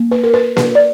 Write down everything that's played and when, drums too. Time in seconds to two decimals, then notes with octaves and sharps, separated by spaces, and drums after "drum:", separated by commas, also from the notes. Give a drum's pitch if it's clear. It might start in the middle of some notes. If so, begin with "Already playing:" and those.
Already playing: A#3
0.11 B4
0.24 A#4
0.34 B4
0.57 B4, drum: snare A#3
0.75 D5